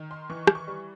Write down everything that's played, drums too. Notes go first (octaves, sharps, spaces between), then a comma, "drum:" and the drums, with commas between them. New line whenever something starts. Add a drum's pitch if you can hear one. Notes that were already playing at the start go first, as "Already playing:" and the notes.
Already playing: D#3
C6
E3 C#6
D6, drum: rim click
C#6
G3